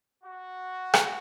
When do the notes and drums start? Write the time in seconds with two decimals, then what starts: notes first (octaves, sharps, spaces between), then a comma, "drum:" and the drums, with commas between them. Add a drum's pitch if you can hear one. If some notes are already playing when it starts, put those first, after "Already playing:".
0.24 F#4
0.94 drum: rim click